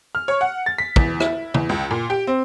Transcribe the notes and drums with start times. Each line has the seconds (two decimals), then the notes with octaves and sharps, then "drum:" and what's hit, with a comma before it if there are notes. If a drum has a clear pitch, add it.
0.15 F6
0.28 C#5
0.41 F#5
0.66 A6
0.78 B6
0.96 E2, drum: kick
1.20 E4, drum: rim click
1.54 E2, drum: tom
1.69 C#2
1.91 A#2
2.10 G4
2.27 C4